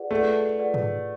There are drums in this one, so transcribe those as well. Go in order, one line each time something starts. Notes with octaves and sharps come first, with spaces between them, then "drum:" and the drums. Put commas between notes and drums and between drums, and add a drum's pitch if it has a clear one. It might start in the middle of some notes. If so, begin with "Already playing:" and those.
Already playing: F4 G#4 B4 D5 F#5
A3 F4 G#4 B4 D5 F#5
F4 G#4 B4 D5 F#5
drum: tom G#2